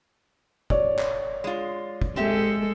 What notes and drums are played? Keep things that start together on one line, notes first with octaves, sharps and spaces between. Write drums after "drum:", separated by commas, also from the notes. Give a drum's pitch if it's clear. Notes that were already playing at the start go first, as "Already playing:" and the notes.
C#5 D5, drum: kick
drum: clap
G#3 F4
drum: kick
G#3 C4 G4 A4 E5